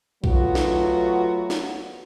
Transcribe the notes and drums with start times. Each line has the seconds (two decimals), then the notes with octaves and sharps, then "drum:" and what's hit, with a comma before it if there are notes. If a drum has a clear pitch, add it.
0.24 F#3 A3 B3 F4 F#4, drum: kick A#1
0.55 drum: snare
1.50 drum: snare